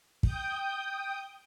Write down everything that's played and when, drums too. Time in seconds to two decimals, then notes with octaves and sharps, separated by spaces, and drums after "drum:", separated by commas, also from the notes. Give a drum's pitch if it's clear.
0.23 G5 D#6 G6, drum: kick